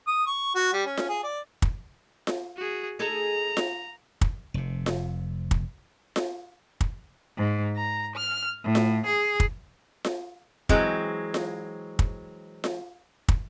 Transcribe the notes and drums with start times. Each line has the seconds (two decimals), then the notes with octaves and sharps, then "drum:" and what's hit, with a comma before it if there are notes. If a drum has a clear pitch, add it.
0.07 D#6
0.27 C#6
0.55 F#4
0.73 G3
0.86 C#4
0.97 drum: snare F4
1.09 G#4
1.24 D5
1.62 drum: kick
2.27 drum: snare F4
2.57 F#4 G#4
2.99 D#4 G#4 A4 A#5
3.57 drum: snare F4
4.21 drum: kick
4.54 F1 C3
4.86 drum: snare F4
5.51 drum: kick
6.16 drum: snare F4
6.81 drum: kick
7.37 G#2
7.76 A#5
8.15 F6
8.63 A2
8.75 drum: snare F4
9.05 G#4
9.40 drum: kick
10.05 drum: snare F4
10.69 E3 F#3 G#3 C4, drum: kick
11.34 drum: snare F4
11.99 drum: kick
12.64 drum: snare F4
13.28 drum: kick